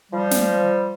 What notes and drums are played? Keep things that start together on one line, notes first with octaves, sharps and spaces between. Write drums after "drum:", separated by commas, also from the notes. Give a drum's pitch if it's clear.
F3 G3
drum: snare